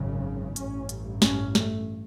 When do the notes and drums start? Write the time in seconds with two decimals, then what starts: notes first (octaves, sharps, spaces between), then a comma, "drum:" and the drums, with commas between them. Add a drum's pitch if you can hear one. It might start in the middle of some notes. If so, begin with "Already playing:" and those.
Already playing: G#1 F#2 C#3
0.56 A1 G2 C#4, drum: hi-hat
0.89 drum: hi-hat
1.22 C#4, drum: snare
1.55 A3, drum: snare